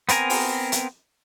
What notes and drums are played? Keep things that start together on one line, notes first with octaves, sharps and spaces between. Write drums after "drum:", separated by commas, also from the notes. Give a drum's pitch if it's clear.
B3 C4 A#4 G#5 A#5, drum: hi-hat
drum: open hi-hat
drum: hi-hat